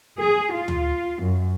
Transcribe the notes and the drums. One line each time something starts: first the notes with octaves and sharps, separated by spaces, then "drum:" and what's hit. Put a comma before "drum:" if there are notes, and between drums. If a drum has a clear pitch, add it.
G#4
F4
drum: tom
F#2